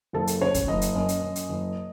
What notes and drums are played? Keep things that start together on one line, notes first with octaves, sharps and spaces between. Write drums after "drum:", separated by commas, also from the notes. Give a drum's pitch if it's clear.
F#1 A4
drum: hi-hat
C#3 C#5
drum: kick, hi-hat
F#1 D#5
drum: hi-hat
F#2
drum: hi-hat
F#2
drum: hi-hat
F#1